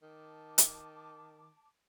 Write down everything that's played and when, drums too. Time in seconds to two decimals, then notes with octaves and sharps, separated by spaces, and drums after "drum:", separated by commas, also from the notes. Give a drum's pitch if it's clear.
0.03 D#3 A5 D6
0.58 drum: hi-hat